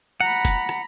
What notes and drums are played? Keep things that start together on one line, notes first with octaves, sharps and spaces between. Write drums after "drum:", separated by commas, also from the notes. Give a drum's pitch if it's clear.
F#5 A#5 B5
drum: kick, hi-hat
drum: rim click